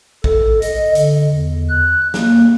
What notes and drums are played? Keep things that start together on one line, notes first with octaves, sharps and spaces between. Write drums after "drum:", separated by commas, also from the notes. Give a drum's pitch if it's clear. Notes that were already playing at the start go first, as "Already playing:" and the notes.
A4, drum: kick A1
D#5, drum: hi-hat
D3, drum: hi-hat
E2
F#6
A#3, drum: snare